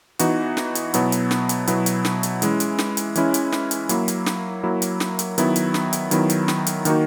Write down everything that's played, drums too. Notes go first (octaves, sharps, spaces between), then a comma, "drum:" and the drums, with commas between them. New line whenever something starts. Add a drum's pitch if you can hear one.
E3 B3 D#4 F#4, drum: hi-hat
drum: snare
drum: hi-hat
B2 F#3 B3 E4, drum: hi-hat
drum: hi-hat
drum: snare
drum: hi-hat
B2 F#3 B3 E4, drum: hi-hat
drum: hi-hat
drum: snare
drum: hi-hat
E3 G#3 C#4 E4, drum: hi-hat
drum: hi-hat
drum: snare
drum: hi-hat
E3 G#3 C#4 E4, drum: hi-hat
drum: hi-hat
drum: snare
drum: hi-hat
F#3 A#3 E4, drum: hi-hat
drum: hi-hat
drum: snare
F#3 A#3 E4
drum: hi-hat
drum: snare
drum: hi-hat
D#3 F#3 B3 E4, drum: hi-hat
drum: hi-hat
drum: snare
drum: hi-hat
D#3 F#3 B3 E4, drum: hi-hat
drum: hi-hat
drum: snare
drum: hi-hat
D#3 A#3 D#4 F#4, drum: hi-hat